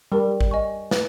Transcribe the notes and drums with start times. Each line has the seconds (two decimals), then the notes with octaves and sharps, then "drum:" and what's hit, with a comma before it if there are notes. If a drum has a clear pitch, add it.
0.12 G3 A#4
0.41 drum: kick A1
0.51 D#5 G#5 C#6
0.91 B4, drum: snare